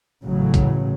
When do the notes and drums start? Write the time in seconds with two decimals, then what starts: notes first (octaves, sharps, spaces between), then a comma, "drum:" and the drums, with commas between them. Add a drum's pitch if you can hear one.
0.24 A1 A2 C#3 F#3
0.54 drum: kick, hi-hat